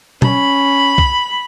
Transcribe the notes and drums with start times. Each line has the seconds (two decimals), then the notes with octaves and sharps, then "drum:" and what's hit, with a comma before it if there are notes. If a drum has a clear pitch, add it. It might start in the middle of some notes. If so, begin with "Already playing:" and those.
0.22 C#4 B5, drum: tom B2
0.98 drum: kick